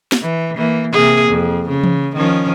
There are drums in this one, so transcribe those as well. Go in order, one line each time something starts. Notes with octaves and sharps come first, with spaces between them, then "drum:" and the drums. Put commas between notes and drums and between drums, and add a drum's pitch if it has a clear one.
drum: snare
E3
E3 A#3
C3 A#3 G#4
F2
C#3
drum: tom E3
D#3 F3 C#4